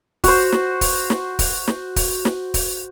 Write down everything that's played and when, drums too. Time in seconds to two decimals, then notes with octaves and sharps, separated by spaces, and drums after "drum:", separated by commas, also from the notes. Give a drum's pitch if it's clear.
0.24 F#4 C5, drum: kick, open hi-hat
0.52 drum: snare
0.81 drum: kick, open hi-hat
1.10 drum: snare
1.39 drum: kick, open hi-hat
1.68 drum: snare
1.96 drum: kick, open hi-hat
2.25 drum: snare
2.54 drum: kick, open hi-hat